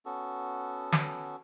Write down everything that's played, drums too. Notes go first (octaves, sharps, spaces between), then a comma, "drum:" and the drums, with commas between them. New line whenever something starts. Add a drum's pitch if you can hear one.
B3 C#4 F#4 A4
drum: snare